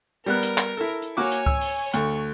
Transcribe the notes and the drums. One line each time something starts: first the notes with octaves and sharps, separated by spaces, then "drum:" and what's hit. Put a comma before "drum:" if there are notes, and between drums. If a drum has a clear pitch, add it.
G3 B3 A#4 F#6
drum: hi-hat
drum: clap
E4 A4
drum: hi-hat
A#3 F#4 C#5 G#5 D6
drum: hi-hat
E6, drum: kick C#2
drum: open hi-hat
D2 A3 C#6, drum: hi-hat